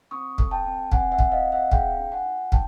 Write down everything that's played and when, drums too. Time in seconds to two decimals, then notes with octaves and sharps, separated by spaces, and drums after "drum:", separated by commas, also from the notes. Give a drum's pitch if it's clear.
0.11 C4 C#6 D#6
0.38 A4, drum: kick
0.51 G5 A5
0.66 C4
0.92 C4 F#5 G#5, drum: kick
1.12 E5 F#5
1.18 C4, drum: kick
1.32 D#5 F5
1.45 C4
1.52 E5 F#5
1.71 G#4 F5 G5, drum: kick
1.99 D4
2.12 F#5 G#5
2.25 F4
2.52 D4 G5 A5, drum: kick